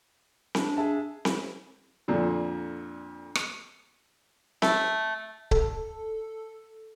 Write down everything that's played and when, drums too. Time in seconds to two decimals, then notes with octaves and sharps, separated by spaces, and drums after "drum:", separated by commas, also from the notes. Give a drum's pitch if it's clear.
0.55 D4, drum: snare C4
0.77 G#4 E5 A5
1.25 drum: snare C4
2.08 F2 A#2 D3
3.35 drum: rim click
4.62 A3, drum: snare C4
5.51 A4, drum: kick C#1